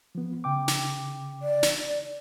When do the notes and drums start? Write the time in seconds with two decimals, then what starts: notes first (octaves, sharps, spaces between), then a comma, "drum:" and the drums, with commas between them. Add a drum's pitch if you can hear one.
0.15 F3 B3
0.44 C#3 G5 D6
0.68 drum: snare
1.42 D5
1.63 drum: snare